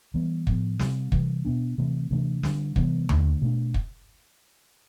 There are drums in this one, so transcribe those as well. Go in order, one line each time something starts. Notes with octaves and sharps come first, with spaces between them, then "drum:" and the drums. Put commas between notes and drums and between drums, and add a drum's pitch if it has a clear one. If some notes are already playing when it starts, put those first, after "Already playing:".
E3 G3 B3
A2 F3 B3, drum: kick
C3 G3 C4, drum: snare
C3 E3 G3, drum: kick
B2 B3 D4
C3 E3 A3 C4
C3 E3 A3 D4
D3 G3 D4, drum: snare
C3 E3 G3 B3, drum: kick
D3 A3 D4, drum: tom D#2
B2 A3 D4
drum: kick